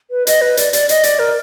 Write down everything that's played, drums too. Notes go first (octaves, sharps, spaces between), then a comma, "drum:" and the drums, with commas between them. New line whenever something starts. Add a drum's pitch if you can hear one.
B4
D#5, drum: hi-hat
B4
D5, drum: hi-hat
D5, drum: hi-hat
D#5, drum: hi-hat
D5, drum: hi-hat
A#4